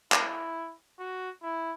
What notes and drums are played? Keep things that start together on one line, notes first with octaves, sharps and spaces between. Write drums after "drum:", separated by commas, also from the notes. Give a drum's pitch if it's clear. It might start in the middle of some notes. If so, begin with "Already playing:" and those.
E4, drum: clap
F#4
E4